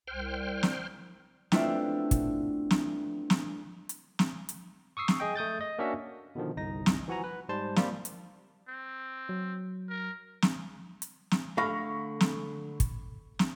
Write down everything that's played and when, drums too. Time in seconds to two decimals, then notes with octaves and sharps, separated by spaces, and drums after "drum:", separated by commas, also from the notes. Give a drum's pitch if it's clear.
0.07 C2 C5 G5 F6
0.63 drum: snare
1.52 A3 B3 C4 D4 E4 F4, drum: snare
2.11 drum: kick, hi-hat
2.70 drum: snare
3.30 drum: snare
3.89 drum: hi-hat
4.19 drum: snare
4.49 drum: hi-hat
4.97 C#6 D#6 E6 C7
5.08 drum: snare
5.20 G#4 D#5 G5
5.36 A3 D#6 G6 A6
5.61 D#5
5.79 A#3 C#4 D4 F#4 E5
6.35 B2 D3 D#3 F3
6.56 G1 C2 D#4 A#6
6.86 drum: snare
7.08 E3 F3 F#4 F#5 G#5 A#5
7.24 B4
7.49 G#2 G3 C5 A5 C6
7.76 F3 G3 A#3 F4 G4, drum: snare
8.05 drum: hi-hat
8.68 C4
9.29 F#3
9.89 A#4
10.42 drum: snare
11.02 drum: hi-hat
11.31 drum: snare
11.57 D3 A3 F5 B5 C#6 A#6
12.20 drum: snare
12.80 drum: kick, hi-hat
13.39 drum: snare